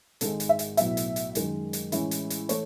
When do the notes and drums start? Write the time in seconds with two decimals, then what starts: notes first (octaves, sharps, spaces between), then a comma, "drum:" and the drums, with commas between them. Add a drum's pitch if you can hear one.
0.21 G#1 G#2 D#3 G#3 A4, drum: hi-hat
0.40 drum: hi-hat
0.49 E5
0.59 drum: hi-hat
0.77 B1 A2 F#3 B3 E5, drum: hi-hat
0.97 drum: hi-hat
1.16 drum: hi-hat
1.35 F#2 D#3 G#3, drum: hi-hat
1.73 drum: hi-hat
1.92 A2 E3 G#3 C#4 E4, drum: hi-hat
2.11 drum: hi-hat
2.30 drum: hi-hat
2.49 E3 A3 C#5, drum: hi-hat